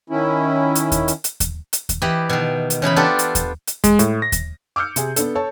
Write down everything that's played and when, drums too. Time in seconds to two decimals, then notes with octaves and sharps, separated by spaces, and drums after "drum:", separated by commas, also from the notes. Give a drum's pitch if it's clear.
0.10 D#3 C#4 E4
0.75 drum: hi-hat
0.92 drum: kick D#2, hi-hat
1.08 drum: hi-hat
1.24 drum: hi-hat
1.40 drum: kick D#2, hi-hat
1.73 drum: hi-hat
1.89 drum: kick D#2, hi-hat
2.02 E3 G4 D#5 B5
2.29 B2 D#3
2.70 drum: hi-hat
2.82 C#3 E3 D#4 B5
2.96 B3 D4 F4 G4 A4
3.19 drum: hi-hat
3.35 drum: kick D#2, hi-hat
3.67 drum: hi-hat
3.84 G#3, drum: kick D#2, hi-hat
3.99 A2, drum: hi-hat
4.22 A#6
4.32 drum: kick D#2, hi-hat
4.76 D6 E6 F6 G6 C#7
4.96 C3 G#4, drum: hi-hat
5.16 B3 D4 A4, drum: hi-hat
5.35 A4 C#5 A5